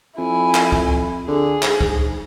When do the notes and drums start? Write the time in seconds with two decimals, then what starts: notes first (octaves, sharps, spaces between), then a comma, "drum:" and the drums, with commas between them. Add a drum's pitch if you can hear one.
0.18 F2 E4 G#5
0.54 drum: clap
0.72 drum: kick C#2
1.28 D3 G#4
1.62 G#2, drum: clap
1.81 drum: kick C#2